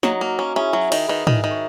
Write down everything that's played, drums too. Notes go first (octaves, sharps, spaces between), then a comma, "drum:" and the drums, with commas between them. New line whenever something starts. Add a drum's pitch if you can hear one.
F#3 D#4 F#4, drum: snare
A#3
C#4
C#4 E4 G#4
F#3
D#3, drum: cymbal
D#3 G#4 B4
D#3, drum: tom
D#3
C#5